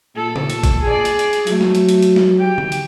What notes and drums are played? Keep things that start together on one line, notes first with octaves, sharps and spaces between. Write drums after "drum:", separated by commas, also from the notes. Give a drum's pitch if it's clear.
A#2 A4
drum: tom C#3
drum: hi-hat
drum: kick A1, hi-hat
G#4 D5
drum: hi-hat
drum: hi-hat
drum: hi-hat
F#3 A3, drum: hi-hat
drum: snare
drum: hi-hat
drum: hi-hat
drum: hi-hat
drum: snare
G4 G5
drum: tom D3
drum: hi-hat